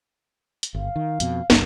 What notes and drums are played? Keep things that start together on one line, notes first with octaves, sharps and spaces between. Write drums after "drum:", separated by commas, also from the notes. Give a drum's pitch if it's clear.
drum: hi-hat
G1 F5
D#3
F2 B2, drum: hi-hat
F#1 C2 F#2, drum: snare